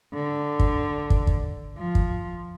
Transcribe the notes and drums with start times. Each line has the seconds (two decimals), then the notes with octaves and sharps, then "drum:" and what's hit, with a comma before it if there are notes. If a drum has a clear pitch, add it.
0.13 D3
0.60 drum: kick
1.10 drum: kick
1.27 drum: kick
1.78 F3
1.95 drum: kick